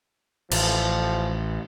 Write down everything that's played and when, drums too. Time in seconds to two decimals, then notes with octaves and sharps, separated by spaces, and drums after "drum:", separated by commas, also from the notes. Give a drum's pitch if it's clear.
0.51 A1 F3, drum: cymbal